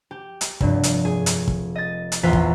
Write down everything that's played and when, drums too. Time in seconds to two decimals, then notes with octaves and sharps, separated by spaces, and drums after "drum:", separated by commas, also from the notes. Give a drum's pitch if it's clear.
0.11 G4
0.41 drum: hi-hat
0.61 F1 G2, drum: kick
0.83 drum: hi-hat
1.05 G#4
1.26 drum: hi-hat
1.48 drum: kick
1.76 D#5 A6
2.12 drum: hi-hat
2.23 A#1 E2 E3 F4 F#6 B6
2.33 drum: kick